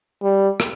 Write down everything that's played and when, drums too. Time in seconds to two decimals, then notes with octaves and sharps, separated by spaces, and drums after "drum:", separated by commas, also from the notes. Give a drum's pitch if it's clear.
0.23 G3
0.60 drum: rim click